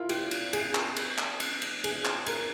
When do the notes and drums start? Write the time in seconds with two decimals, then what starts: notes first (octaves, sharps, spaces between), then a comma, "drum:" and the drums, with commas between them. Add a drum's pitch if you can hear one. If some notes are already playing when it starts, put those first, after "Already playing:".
Already playing: E4 F4 A#4
0.09 G4, drum: cymbal
0.31 drum: cymbal
0.53 G#4, drum: cymbal
0.75 drum: clap
0.96 drum: cymbal
1.18 drum: clap
1.40 drum: cymbal
1.62 drum: cymbal
1.84 G#4, drum: cymbal
2.05 drum: clap
2.26 A#4, drum: cymbal